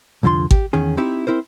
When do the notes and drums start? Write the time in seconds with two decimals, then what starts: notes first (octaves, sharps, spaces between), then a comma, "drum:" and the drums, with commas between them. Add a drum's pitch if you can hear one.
0.23 C2 F2 D3 F4 C6
0.51 G4, drum: kick G#1
0.73 E2 D#3 C#4 G#4
0.97 C4 D#4 E4 G4 E5
1.27 C4 E4 A#4 C5